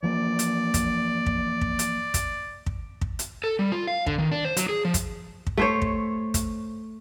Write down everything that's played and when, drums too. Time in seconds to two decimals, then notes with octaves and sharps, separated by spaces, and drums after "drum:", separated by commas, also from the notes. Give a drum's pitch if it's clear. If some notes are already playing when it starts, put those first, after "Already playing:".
0.03 E3 F3 A#3 D5
0.39 drum: hi-hat
0.74 drum: kick, hi-hat
1.26 drum: kick
1.61 drum: kick
1.79 drum: hi-hat
2.14 drum: kick, hi-hat
2.66 drum: kick
3.01 drum: kick
3.19 drum: hi-hat
3.44 A4
3.59 G3
3.72 F4
3.87 F5
4.06 D3, drum: kick
4.18 D#3
4.32 D4
4.45 C5
4.57 F#3, drum: hi-hat
4.69 G#4
4.85 F3
4.94 drum: kick, hi-hat
5.47 drum: kick
5.57 A3 C5 C#5
5.82 drum: kick
6.34 drum: kick, hi-hat